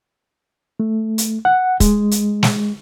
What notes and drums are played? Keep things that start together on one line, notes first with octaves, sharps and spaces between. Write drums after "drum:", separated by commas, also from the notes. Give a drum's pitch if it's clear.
A3
drum: hi-hat
F#5
G#3, drum: kick, hi-hat
drum: hi-hat
drum: snare